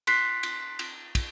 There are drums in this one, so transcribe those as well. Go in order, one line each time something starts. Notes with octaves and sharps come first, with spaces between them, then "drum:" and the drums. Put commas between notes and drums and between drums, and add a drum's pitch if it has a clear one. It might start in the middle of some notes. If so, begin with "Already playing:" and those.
C6 F#6 B6 C7, drum: cymbal
drum: cymbal
drum: cymbal
drum: kick, cymbal